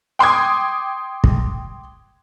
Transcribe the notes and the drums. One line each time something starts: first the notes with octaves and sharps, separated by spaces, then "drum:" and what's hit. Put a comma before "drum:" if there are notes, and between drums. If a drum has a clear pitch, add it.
G5 C6 D6 D#6 G#6
drum: kick